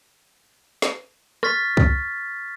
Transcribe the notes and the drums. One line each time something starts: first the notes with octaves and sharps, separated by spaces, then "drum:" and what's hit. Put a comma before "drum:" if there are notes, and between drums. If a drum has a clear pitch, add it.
drum: snare
C#6 F6 A6 B6, drum: rim click
drum: kick